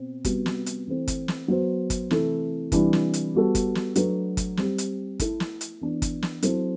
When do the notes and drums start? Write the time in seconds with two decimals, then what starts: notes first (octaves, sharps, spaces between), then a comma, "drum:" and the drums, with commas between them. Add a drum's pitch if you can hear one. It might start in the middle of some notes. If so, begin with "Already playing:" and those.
Already playing: B2 C4
0.25 C3 G3 B3 F#4, drum: kick, hi-hat
0.46 drum: snare
0.66 drum: hi-hat
0.87 E3 A3 C4
1.08 drum: kick, hi-hat
1.28 drum: snare
1.48 F#3 B3 F#4 C5
1.90 drum: kick, hi-hat
2.11 C3 E3 A3 E4, drum: snare
2.72 C3 E3 G3 D4, drum: kick, hi-hat
2.93 drum: snare
3.14 drum: hi-hat
3.35 G3 B3 F#4 A4
3.55 drum: kick, hi-hat
3.75 drum: snare
3.96 F#3 A3 D4 F#4 B4, drum: hi-hat
4.37 drum: kick, hi-hat
4.57 G3 C4 G4, drum: snare
4.78 drum: hi-hat
5.20 A3 E4 A4, drum: kick, hi-hat
5.40 drum: snare
5.61 drum: hi-hat
5.81 E3 B3 D4
6.02 drum: kick, hi-hat
6.22 drum: snare
6.42 F#3 C4 E4 A4 C5, drum: hi-hat